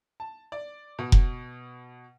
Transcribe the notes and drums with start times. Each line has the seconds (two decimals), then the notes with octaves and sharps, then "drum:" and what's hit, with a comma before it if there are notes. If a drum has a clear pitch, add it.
0.20 A5
0.52 D5
0.99 B2
1.12 drum: kick F1